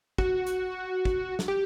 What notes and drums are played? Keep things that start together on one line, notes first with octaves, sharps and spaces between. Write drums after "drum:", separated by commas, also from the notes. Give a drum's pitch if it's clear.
F#4, drum: kick
drum: hi-hat
drum: kick
drum: snare
G4